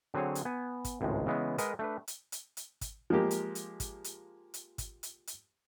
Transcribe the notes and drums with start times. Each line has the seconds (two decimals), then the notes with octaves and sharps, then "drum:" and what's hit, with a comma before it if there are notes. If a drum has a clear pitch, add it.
0.14 D3 F#3 C4 G#4 C#5
0.35 drum: hi-hat
0.45 B3 G#5
0.85 drum: kick, hi-hat
1.01 G#1 C#2 A2 C3 G#3
1.26 C#3 E3 G#3 B3
1.58 G#3 A#4 B4 D#5 F#5, drum: hi-hat
1.79 A3 D4 B4
2.08 drum: hi-hat
2.32 drum: hi-hat
2.57 drum: hi-hat
2.81 drum: kick, hi-hat
3.10 F3 G#3 A#3 G4
3.31 drum: hi-hat
3.55 drum: hi-hat
3.80 drum: kick, hi-hat
4.04 drum: hi-hat
4.54 drum: hi-hat
4.78 drum: kick, hi-hat
5.03 drum: hi-hat
5.27 drum: hi-hat